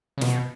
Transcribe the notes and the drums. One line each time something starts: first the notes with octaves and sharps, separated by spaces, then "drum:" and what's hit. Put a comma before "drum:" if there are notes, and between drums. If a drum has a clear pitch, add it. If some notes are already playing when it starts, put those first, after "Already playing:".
C#3
B2, drum: snare